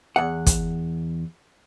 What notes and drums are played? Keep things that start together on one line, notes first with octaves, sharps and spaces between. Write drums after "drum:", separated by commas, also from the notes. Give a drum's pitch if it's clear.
E2 F#5
drum: kick, hi-hat